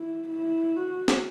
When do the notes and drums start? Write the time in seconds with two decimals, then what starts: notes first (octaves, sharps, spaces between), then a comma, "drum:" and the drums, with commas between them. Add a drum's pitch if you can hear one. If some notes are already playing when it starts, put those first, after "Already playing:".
Already playing: E4
0.29 E4
0.77 F#4
1.08 drum: snare